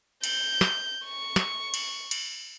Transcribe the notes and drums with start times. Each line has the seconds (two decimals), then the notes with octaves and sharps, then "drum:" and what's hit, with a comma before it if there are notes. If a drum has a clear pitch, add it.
0.24 G6, drum: cymbal
0.61 drum: snare
1.05 C#6
1.36 drum: snare
1.74 drum: cymbal
2.11 drum: cymbal